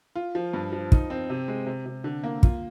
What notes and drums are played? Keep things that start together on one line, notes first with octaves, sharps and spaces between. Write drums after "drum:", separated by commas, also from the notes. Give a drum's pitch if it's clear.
F4
F3
G2
F3
D#4, drum: kick
C4
C3
G#3
C3
C3
D3
A#3
F4, drum: kick